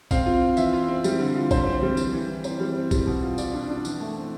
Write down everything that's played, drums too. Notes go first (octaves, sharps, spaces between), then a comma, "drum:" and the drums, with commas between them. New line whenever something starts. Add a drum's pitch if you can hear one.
C4 F5, drum: kick, tambourine
F4
F4
E3 E5, drum: tambourine
F4
C4
G3, drum: tambourine
D3
F4
D3 C5, drum: kick, tambourine
C4
G3
E3, drum: tambourine
E3
E3
C4 C5, drum: tambourine
G3
C4
G3, drum: kick, tambourine
B2
F4
F4 D5, drum: tambourine
D4
D4
E3, drum: tambourine
A3
C4